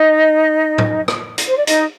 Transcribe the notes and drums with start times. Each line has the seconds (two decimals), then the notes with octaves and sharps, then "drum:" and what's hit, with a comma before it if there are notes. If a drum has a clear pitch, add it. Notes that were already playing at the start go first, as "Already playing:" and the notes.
Already playing: D#4 D#5
0.78 drum: tom
1.08 drum: rim click
1.38 drum: hi-hat
1.49 C5
1.58 D5
1.67 D#4 D#5, drum: hi-hat